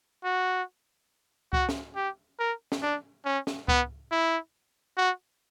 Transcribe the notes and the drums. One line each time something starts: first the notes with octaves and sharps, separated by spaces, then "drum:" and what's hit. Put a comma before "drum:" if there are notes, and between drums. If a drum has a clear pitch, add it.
F#4
F#4, drum: kick C#2
drum: snare C#4
G4
A#4
drum: snare C#4
D4
C#4
drum: snare C#4
B3, drum: kick C#2
E4
F#4